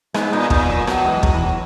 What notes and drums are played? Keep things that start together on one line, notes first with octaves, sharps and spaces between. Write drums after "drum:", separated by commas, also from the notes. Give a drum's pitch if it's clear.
G#2 G#3 B3, drum: rim click
A#2 B3 D#4
A#2 B3 D#4, drum: kick
F#3
B2 F#3, drum: rim click
E3 G#3
F#3, drum: kick
E3
F#3